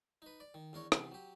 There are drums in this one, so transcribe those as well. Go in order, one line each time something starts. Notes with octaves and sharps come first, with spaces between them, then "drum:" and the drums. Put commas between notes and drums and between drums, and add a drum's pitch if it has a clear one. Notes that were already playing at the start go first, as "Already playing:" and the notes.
D#4 B4
D5
D#3
E2 D4 A#4 C#5
C3 E3 B3, drum: rim click
F#3 G4